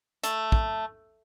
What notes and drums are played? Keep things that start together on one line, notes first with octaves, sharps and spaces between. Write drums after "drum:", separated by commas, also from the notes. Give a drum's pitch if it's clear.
A3, drum: hi-hat
drum: kick